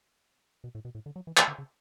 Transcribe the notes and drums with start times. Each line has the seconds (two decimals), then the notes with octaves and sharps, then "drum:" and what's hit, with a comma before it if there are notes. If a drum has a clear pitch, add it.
0.64 B2
0.75 A2
0.85 B2
0.95 A2
1.06 D3
1.16 F#3
1.27 E3
1.37 E3, drum: clap
1.48 D3
1.58 C#3